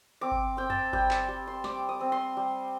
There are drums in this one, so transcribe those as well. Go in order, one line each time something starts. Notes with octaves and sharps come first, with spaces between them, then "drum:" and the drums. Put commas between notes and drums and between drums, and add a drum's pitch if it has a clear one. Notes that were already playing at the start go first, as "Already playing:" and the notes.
C4 D6
drum: kick G1
C4 G5
A5, drum: tom F2
G3 G5, drum: kick G1
A5, drum: clap
G3
C6
G3 D6, drum: snare
D#6
C4
C6
G3